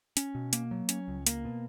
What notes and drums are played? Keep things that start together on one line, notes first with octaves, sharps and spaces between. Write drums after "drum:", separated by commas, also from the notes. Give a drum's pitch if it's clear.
C#4, drum: hi-hat
B2
A#3, drum: hi-hat
F#3
C#4, drum: hi-hat
C#2
A#3, drum: hi-hat
B2